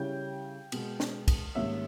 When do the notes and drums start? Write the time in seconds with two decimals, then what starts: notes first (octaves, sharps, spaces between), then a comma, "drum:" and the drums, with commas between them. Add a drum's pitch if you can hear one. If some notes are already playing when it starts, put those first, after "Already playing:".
Already playing: C#3 G3 C#4 E4 G5 G6
0.72 B2 G#3 B3, drum: cymbal
1.00 drum: snare
1.28 drum: kick, cymbal
1.55 G#2 D#3 G3 A#3 C#4 E5 E6